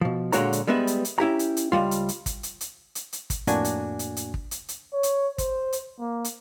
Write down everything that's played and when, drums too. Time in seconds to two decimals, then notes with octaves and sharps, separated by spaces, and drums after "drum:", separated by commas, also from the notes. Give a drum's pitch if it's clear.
0.01 B2 F3
0.32 A#2 D3 G#3 F#4 C#5 A#5, drum: hi-hat
0.53 drum: hi-hat
0.67 G3 G#3 B3 B4 E5
0.87 drum: hi-hat
1.05 drum: hi-hat
1.18 C#4 E4 G4 A#5
1.39 drum: hi-hat
1.57 drum: hi-hat
1.72 C#2 C3 G3 F4
1.91 drum: hi-hat
2.09 drum: hi-hat
2.26 drum: kick, hi-hat
2.43 drum: hi-hat
2.61 drum: hi-hat
2.95 drum: hi-hat
3.13 drum: hi-hat
3.30 drum: kick, hi-hat
3.47 F2 A2 A#3 D4 F#4 G#5, drum: hi-hat
3.65 drum: hi-hat
3.99 drum: hi-hat
4.17 drum: hi-hat
4.34 drum: kick
4.51 drum: hi-hat
4.69 drum: hi-hat
4.93 C#5
5.03 drum: hi-hat
5.38 C5, drum: kick, hi-hat
5.72 drum: hi-hat
6.00 A#3
6.24 drum: hi-hat